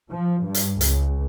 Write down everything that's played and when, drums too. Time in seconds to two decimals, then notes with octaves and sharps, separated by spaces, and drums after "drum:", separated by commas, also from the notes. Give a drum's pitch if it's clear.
0.10 F3
0.44 G2
0.54 drum: hi-hat
0.81 C#2, drum: hi-hat